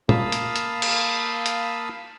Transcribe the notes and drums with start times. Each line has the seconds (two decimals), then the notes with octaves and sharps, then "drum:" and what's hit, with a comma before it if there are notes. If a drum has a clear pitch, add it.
0.09 A#3 F5 A5 B5 D#6 E6, drum: tom
0.32 drum: hi-hat
0.56 drum: hi-hat
0.82 drum: cymbal
1.46 drum: hi-hat